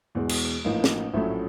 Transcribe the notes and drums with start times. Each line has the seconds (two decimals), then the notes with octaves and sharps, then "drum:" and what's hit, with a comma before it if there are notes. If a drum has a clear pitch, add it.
0.15 E2 B2 G#3
0.29 drum: cymbal
0.64 A1 A2 F3 A#3 D#4 F5
0.84 drum: snare
1.14 A#1 A2 F#3 A3 C#4 E5